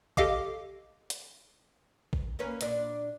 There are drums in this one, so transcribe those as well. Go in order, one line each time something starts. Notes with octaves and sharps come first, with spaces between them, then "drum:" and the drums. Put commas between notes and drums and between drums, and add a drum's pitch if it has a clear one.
G4 A4 D#5 F5 D6, drum: kick A1
drum: hi-hat
drum: kick A1
A#3 C#4 B4
A#2 D4 D5, drum: hi-hat